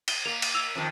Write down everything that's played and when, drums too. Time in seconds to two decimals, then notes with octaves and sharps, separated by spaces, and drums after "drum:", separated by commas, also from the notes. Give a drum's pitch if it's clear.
0.08 G7, drum: cymbal
0.25 A#3 F7
0.42 drum: cymbal
0.55 E6 F7
0.75 F2 D#3